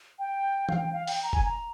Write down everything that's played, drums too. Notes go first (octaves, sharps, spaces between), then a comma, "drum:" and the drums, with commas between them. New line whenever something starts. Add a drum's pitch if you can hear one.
G5
F5, drum: tom E3
G5
F5
G5, drum: open hi-hat
A#5
G#5, drum: kick
A#5